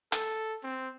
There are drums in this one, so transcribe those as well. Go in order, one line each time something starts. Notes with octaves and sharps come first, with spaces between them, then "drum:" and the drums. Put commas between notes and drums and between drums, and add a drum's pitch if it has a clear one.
A4, drum: hi-hat
C4